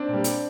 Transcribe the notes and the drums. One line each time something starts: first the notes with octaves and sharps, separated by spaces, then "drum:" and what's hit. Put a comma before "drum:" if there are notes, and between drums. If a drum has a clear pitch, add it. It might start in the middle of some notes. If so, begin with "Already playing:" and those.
Already playing: C4 D4
A#2
G3
drum: hi-hat